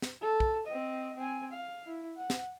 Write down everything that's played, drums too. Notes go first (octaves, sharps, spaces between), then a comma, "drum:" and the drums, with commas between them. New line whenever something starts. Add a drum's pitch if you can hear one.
drum: snare
A4
drum: kick
C4 D#5
C4 G#5
F5
E4
F#5
drum: snare